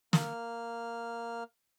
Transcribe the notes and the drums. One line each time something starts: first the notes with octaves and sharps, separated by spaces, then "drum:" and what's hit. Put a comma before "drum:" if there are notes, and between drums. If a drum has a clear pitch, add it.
A#3 F6, drum: snare